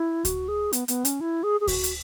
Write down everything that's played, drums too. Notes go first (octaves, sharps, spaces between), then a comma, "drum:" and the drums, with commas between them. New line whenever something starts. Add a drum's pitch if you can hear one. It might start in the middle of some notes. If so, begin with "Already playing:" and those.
Already playing: E4
F#4, drum: kick D2, hi-hat
G#4
B3, drum: hi-hat
B3, drum: hi-hat
C#4, drum: hi-hat
E4
G#4
G#4
F#4, drum: kick D2, open hi-hat
drum: hi-hat